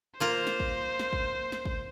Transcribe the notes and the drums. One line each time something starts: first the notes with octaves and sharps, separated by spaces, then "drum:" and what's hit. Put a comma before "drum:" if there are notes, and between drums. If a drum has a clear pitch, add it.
A#3 F4 A#4 C5
drum: snare
drum: kick
drum: snare
drum: kick
drum: snare
drum: kick